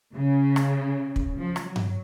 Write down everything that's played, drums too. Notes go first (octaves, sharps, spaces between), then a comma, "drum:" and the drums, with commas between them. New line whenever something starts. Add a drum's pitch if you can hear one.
C#3
drum: rim click
drum: kick
F3
drum: rim click
F#3
drum: tom G2